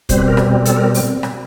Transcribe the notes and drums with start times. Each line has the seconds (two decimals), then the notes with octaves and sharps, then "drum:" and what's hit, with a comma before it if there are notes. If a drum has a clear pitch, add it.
0.09 B2 G3 C4 C5, drum: kick, hi-hat
0.17 B4
0.28 A#4
0.37 drum: rim click
0.65 A4, drum: hi-hat
0.76 A#4
0.94 drum: open hi-hat
1.23 drum: rim click